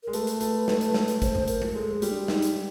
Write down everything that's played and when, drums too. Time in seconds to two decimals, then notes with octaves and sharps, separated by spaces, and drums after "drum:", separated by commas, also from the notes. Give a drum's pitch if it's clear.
0.03 G#3 A#4
0.13 A3 B4, drum: hi-hat
0.27 drum: hi-hat
0.41 A3, drum: hi-hat
0.68 A3, drum: snare
0.81 drum: hi-hat
0.94 drum: snare
1.08 drum: hi-hat
1.22 C5, drum: kick, hi-hat
1.35 drum: tom F#2
1.48 A#4, drum: hi-hat
1.62 drum: tom G#3
1.75 G#3 A4
1.93 G#4
2.02 G3, drum: hi-hat
2.11 D4
2.28 D#4, drum: snare
2.42 drum: hi-hat